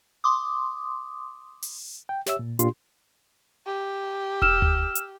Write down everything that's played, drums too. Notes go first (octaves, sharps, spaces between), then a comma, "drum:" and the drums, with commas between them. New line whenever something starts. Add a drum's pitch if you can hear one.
C6 D6 D#6
drum: open hi-hat
G5
G4 C#5 E5 E6, drum: snare
A#2
A#2 D4 F4 G4 C6, drum: hi-hat
G4
E6 F6 E7, drum: kick E1
drum: tom D2
drum: hi-hat